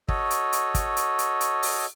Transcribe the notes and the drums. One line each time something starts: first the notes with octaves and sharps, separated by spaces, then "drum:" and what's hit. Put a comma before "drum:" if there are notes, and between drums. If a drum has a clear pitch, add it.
F#4 A4 C#5 D#5, drum: kick
drum: hi-hat
drum: hi-hat
drum: kick, hi-hat
drum: hi-hat
drum: hi-hat
drum: hi-hat
drum: open hi-hat